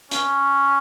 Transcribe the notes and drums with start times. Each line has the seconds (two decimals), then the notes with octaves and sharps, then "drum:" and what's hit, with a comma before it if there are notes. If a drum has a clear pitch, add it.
0.11 C#4, drum: hi-hat